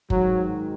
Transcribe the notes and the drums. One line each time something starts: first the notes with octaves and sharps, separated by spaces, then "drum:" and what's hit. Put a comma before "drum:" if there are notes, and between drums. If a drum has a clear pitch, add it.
G#2 D#3 F#3, drum: kick F#1